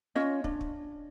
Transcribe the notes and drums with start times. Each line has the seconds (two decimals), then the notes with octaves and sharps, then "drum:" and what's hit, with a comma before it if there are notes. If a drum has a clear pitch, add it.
0.15 C#4 F4 C#5 D#5
0.44 D4, drum: kick
0.61 drum: kick